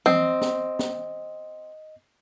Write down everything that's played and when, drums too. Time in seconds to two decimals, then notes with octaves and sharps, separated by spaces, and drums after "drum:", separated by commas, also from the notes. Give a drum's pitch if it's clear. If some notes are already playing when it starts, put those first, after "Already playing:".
0.06 C4 D#5, drum: tom E3
0.41 drum: snare
0.79 drum: snare